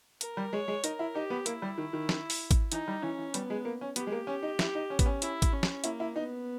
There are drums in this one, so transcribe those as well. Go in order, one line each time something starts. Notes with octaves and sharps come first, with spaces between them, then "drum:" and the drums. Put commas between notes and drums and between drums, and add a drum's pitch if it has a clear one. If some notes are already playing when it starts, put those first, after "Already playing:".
A#4, drum: hi-hat
G3
G#3 C#5
G#3
D#4 A#4, drum: hi-hat
E4
D#4 G4
B3
A#3 E4, drum: hi-hat
G3
D#3
D#3
drum: snare
drum: open hi-hat
drum: kick G#1, hi-hat
E3 D#4, drum: hi-hat
G3
E3 C#4
E3
G3 B3, drum: hi-hat
G#3
A#3
C#4
B3 G4, drum: hi-hat
G#3
A#3
C#4
D#4
E4, drum: snare
D#4
C#4
B3, drum: kick G#1, hi-hat
C#4
E4, drum: hi-hat
drum: kick G#1, hi-hat
C#4
drum: snare
A#3 E4, drum: hi-hat
E4
B3 D#4